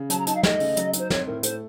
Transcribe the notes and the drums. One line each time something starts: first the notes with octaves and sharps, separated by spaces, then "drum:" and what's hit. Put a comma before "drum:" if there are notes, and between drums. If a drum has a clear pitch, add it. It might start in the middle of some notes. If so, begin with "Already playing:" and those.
Already playing: C#3
F#3 A5, drum: hi-hat
A#5
D#4 A5, drum: hi-hat
F5
A3 D#5, drum: snare
C#3, drum: open hi-hat
F#3, drum: hi-hat
D#4, drum: hi-hat
C5
C4 C#5, drum: snare
A2 A#4
A3 C5, drum: hi-hat